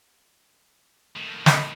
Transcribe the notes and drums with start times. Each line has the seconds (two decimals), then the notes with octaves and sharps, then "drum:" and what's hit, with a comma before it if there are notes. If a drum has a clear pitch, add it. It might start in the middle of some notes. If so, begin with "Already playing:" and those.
1.15 A2 D#3
1.46 D#5 B5, drum: snare